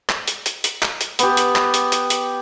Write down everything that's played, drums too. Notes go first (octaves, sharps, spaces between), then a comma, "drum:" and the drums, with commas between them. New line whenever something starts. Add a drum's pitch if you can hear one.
drum: clap
drum: hi-hat
drum: hi-hat
drum: hi-hat
drum: clap
drum: hi-hat
B3 G4, drum: hi-hat
drum: hi-hat
drum: clap
drum: hi-hat
drum: hi-hat
drum: hi-hat